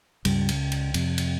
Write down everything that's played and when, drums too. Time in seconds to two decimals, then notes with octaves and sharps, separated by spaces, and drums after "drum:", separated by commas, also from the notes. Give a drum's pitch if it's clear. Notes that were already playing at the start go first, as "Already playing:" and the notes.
0.25 C#2 G2 C#3 G3, drum: cymbal
0.49 drum: cymbal
0.72 drum: cymbal
0.94 F2 C3, drum: cymbal
1.18 drum: cymbal